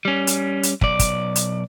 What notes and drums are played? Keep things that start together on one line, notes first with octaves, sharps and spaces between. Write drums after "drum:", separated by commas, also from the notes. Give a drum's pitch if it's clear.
G3 C#4
drum: hi-hat
drum: hi-hat
B1 D5, drum: kick
drum: kick, hi-hat
drum: hi-hat